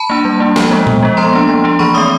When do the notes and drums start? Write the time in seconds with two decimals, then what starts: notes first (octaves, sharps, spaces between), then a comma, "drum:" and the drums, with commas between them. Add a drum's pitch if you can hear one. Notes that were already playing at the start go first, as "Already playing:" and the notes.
Already playing: A5 B5
0.10 A#3 D4
0.25 G3
0.40 A#3 D4
0.56 F3, drum: snare
0.71 G#3 B3
0.87 F3, drum: tom A#2
1.03 G#3 B3
1.17 F3 A#5 C6
1.33 A#3 D4
1.49 F3
1.64 A#3 D4
1.79 E3 B5 C#6
1.95 A3 C4 C#6 D#6